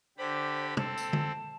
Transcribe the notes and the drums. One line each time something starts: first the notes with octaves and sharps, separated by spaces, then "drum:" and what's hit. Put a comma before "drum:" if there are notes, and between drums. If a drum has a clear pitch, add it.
D3 G4 C5 B5
C4 A4 A5, drum: tom
drum: tambourine
drum: tom D3